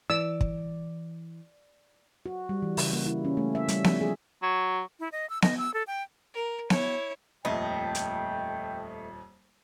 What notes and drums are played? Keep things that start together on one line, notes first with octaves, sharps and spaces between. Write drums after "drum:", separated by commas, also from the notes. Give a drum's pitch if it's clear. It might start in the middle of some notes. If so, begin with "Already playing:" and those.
E3 D5 E6
drum: kick
F#4
G3
E3
C#3, drum: open hi-hat
A#3
E4
C#4
A3
E5
G3, drum: hi-hat
F3, drum: snare B3
G#4
F#3
E4
D#5
E6
D#5, drum: snare B3
E6
A4
G5
A#4
E4 C#5, drum: snare B3
D#1 F2 A3 D#5 G5
drum: hi-hat